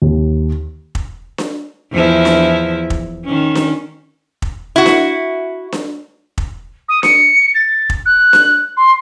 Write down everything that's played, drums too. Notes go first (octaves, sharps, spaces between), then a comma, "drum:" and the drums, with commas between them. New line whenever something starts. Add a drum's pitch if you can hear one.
D#2
drum: kick
drum: snare D4
E2 F3 E4
drum: snare D4
drum: kick
D#3 C#4
drum: snare D4
drum: kick
E4 F#4
drum: snare D4
drum: snare D4
drum: kick
D#6
C#7, drum: snare D4
A6
drum: kick
F#6
drum: snare D4
C6